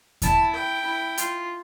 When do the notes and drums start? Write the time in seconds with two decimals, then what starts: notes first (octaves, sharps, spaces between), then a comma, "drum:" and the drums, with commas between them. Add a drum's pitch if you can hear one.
0.22 E4 A5, drum: kick D#2, hi-hat
0.54 G5
0.85 E4
1.18 F4, drum: hi-hat